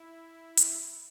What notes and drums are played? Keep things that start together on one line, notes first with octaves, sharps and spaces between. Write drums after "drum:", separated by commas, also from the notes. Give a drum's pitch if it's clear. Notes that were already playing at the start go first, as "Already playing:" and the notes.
Already playing: E4
drum: hi-hat